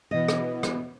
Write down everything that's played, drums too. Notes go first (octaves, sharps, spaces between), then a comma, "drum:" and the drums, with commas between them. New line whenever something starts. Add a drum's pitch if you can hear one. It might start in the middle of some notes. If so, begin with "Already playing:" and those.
B2 E3 B3 D#5
drum: rim click
drum: rim click